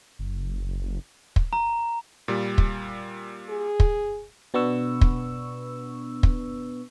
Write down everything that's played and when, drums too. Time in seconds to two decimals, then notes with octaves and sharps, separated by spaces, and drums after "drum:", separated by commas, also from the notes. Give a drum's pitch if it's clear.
0.19 F#1
1.36 drum: kick
1.53 A#5
2.28 A#2 G3
2.58 drum: kick
3.49 G#4
3.80 drum: kick
4.54 B2 B3 D4 B4 C#6 E6
5.01 drum: kick
6.23 drum: kick